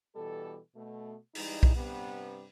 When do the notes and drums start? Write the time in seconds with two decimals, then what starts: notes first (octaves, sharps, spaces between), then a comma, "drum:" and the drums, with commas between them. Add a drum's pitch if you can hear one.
0.16 B2 E3 G3 A4
0.76 B2 A3
1.35 E3 G3 G#3 D#4 E4, drum: open hi-hat
1.63 drum: kick B1
1.75 G2 C3 G3 B3